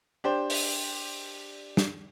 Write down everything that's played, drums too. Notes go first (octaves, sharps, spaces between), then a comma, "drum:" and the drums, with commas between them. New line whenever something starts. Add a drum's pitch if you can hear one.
D4 G4 C5
drum: open hi-hat
drum: snare